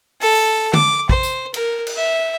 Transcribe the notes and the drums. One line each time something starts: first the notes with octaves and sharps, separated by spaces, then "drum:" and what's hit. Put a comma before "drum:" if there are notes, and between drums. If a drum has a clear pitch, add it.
A4, drum: open hi-hat
D6, drum: tom D3
C5, drum: kick
drum: tambourine
A#4, drum: cymbal
drum: cymbal
E5